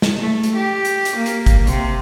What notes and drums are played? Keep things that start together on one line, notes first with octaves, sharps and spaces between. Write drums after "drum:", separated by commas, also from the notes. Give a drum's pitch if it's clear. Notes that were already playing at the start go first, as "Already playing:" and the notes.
drum: snare
A3
drum: hi-hat
G4
drum: hi-hat
drum: hi-hat
A#3
drum: hi-hat
drum: kick G1, hi-hat
C3, drum: hi-hat